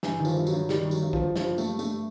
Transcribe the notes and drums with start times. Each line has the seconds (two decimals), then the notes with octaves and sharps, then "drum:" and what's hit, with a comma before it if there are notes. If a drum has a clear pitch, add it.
0.03 G2 E3, drum: snare
0.19 D#3
0.25 F3, drum: tambourine
0.36 G2
0.47 F#3, drum: tambourine
0.52 G2
0.69 D#3 G3, drum: snare
0.85 D#3
0.91 F#3, drum: tambourine
1.03 G2
1.13 F3, drum: kick
1.19 G2
1.36 G2 F3, drum: snare
1.52 G2
1.58 A3, drum: tambourine
1.68 G2
1.79 A3, drum: tambourine
1.85 G2